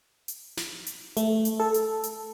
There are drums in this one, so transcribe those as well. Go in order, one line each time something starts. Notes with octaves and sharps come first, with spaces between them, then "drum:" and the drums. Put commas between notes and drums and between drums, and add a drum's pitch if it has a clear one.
drum: hi-hat
drum: snare
drum: hi-hat
A3, drum: hi-hat
drum: hi-hat
A4
drum: hi-hat
drum: hi-hat